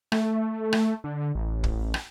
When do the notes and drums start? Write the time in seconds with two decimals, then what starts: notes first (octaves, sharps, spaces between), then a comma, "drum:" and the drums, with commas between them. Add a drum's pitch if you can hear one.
0.12 A3, drum: rim click
0.73 drum: rim click
1.04 D3
1.35 A1
1.64 drum: kick
1.94 drum: rim click